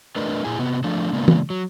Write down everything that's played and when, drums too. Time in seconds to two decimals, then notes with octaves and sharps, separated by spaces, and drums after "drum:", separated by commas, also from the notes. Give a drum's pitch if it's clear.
0.16 A3 D4 A#4 B4 D5 D#5
0.44 A#2 E4 G#4 G#5
0.59 C3 B3
0.84 F3 A3 D4
1.13 C#3 G#3 A#3 B3 D4
1.28 drum: tom
1.50 F#3